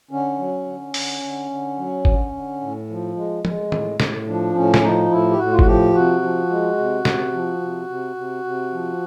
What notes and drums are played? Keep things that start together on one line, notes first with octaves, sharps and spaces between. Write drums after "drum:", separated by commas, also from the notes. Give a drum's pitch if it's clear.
D3 C#4
F#3
D3
D3, drum: open hi-hat
D3
D3
F#3
D3, drum: kick G#1
D3
A2
F3
G#3
G#3, drum: tom
A2, drum: tom
A2, drum: snare
F3 D4
A2 C#4
drum: snare
F3 D#4
A2 E4
G4
A2 F#4
F4
F#4, drum: kick G#1
F3 G4
C3 F#4
F3
G#3
C3
C3, drum: snare
F3
C3
C3
C3
C3
F3